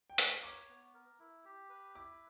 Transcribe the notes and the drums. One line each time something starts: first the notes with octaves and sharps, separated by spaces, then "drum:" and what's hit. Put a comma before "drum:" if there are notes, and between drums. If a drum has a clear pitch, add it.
G5
A#4, drum: hi-hat
A#5
C#5 D6
B3
A#4
E4
G4
B4
E4 D6